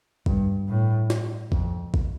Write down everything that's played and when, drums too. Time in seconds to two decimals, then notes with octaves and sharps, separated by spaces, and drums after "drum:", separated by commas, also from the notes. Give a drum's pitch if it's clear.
0.26 G2, drum: kick
0.68 A2
1.10 drum: snare
1.52 F2, drum: kick
1.94 drum: kick